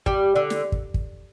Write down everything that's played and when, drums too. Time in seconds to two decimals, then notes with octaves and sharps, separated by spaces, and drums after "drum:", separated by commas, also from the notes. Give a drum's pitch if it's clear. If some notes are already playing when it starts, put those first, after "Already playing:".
0.06 G3, drum: kick
0.36 D3
0.50 drum: snare
0.72 drum: kick
0.94 drum: kick